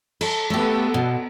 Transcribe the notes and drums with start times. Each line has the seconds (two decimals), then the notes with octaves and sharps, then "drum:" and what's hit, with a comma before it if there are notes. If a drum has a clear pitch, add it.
0.21 A4, drum: cymbal
0.50 A3 B3 G4 A4
0.94 B2